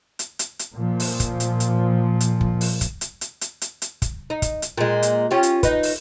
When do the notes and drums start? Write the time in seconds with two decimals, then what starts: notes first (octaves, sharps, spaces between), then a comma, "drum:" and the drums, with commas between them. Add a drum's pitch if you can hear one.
0.19 drum: hi-hat
0.39 drum: hi-hat
0.59 drum: hi-hat
0.74 A#2 F3
1.00 drum: open hi-hat
1.20 drum: kick, hi-hat
1.40 drum: hi-hat
1.60 drum: hi-hat
2.20 drum: hi-hat
2.41 drum: kick
2.61 drum: open hi-hat
2.81 drum: kick, hi-hat
3.01 drum: hi-hat
3.21 drum: hi-hat
3.41 drum: hi-hat
3.62 drum: hi-hat
3.82 drum: hi-hat
4.02 drum: kick, hi-hat
4.30 D#4
4.42 drum: kick, hi-hat
4.62 drum: hi-hat
4.78 A#2 G#3
5.03 drum: hi-hat
5.31 C#4 F4 G4
5.43 drum: hi-hat
5.63 D#4 B4, drum: kick, hi-hat
5.83 drum: open hi-hat